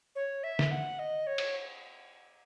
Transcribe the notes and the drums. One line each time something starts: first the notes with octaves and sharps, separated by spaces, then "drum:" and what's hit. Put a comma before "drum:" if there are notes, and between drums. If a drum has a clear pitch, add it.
C#5
E5
drum: snare
F#5
D#5
C#5
drum: cymbal